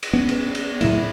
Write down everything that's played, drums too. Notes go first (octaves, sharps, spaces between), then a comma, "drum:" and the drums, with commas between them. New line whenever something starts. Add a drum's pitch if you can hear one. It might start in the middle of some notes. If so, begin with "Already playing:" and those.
drum: cymbal
B3 C#4
drum: cymbal
drum: cymbal
A2 F#3 A#3 E4, drum: cymbal